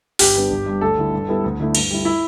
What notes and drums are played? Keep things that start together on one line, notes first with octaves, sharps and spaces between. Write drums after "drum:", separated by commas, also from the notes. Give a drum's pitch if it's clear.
G1 G4, drum: open hi-hat
G2 G3 B3 D4
G1
G2 G3
D2 A4
D3 G3 E4 G4
G2
G3 B3 E4 A4
D2
D3 A3 E4
G2, drum: cymbal
G3 E4
E4